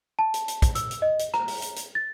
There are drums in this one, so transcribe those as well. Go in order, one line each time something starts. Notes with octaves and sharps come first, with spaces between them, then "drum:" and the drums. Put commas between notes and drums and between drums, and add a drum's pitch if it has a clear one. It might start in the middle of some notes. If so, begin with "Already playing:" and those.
A5
drum: hi-hat
drum: hi-hat
drum: kick, hi-hat
E6, drum: hi-hat
drum: hi-hat
D#5
drum: hi-hat
A#5, drum: rim click
drum: open hi-hat
drum: hi-hat
drum: hi-hat
A6